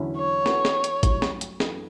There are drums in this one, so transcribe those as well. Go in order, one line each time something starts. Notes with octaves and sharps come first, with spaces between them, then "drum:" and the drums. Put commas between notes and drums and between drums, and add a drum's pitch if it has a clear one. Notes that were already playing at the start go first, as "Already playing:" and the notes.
Already playing: E2 D3 F#3 C#4 E4
C#5
E3 B3 F#4 A4, drum: snare
drum: snare
drum: hi-hat
G2 F#3 A3 E4, drum: kick, hi-hat
drum: snare
drum: hi-hat
F#2 E3 B3 D4 A4, drum: snare